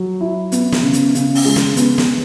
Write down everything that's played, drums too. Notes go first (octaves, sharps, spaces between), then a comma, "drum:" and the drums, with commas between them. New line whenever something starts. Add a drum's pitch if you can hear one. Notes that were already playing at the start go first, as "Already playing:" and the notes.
Already playing: F#3
E4
B3, drum: hi-hat
drum: snare
C#3
drum: hi-hat
C#3, drum: hi-hat
drum: open hi-hat
G#3
drum: snare
B3, drum: hi-hat
drum: snare